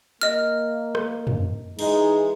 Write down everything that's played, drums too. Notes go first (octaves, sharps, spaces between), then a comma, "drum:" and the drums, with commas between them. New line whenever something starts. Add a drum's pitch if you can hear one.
A#3 D#5 F6
drum: rim click
drum: tom
E3 G#3 D#4, drum: cymbal